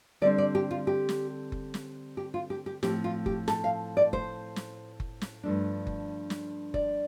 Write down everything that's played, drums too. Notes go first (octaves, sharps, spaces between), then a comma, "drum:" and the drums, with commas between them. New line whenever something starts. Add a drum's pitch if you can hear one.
D3 G3 C4 D5
D5
G4
F4
G4
drum: snare
drum: kick F#1
drum: snare
G4
F4
G4
G4
A2 F3 A3 C4 G4, drum: snare
F4
G4, drum: kick F#1
A4, drum: snare
F5
D5
C5, drum: kick F#1
drum: snare
drum: kick F#1
drum: snare
G2 F3 A3 D4
drum: kick F#1
drum: snare
D5, drum: kick F#1